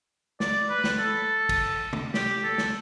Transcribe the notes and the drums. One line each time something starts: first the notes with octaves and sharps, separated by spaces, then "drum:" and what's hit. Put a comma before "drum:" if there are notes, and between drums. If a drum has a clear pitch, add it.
D5, drum: snare
B4
drum: snare
A4
drum: kick, cymbal
drum: tom
G4, drum: snare
A4
drum: snare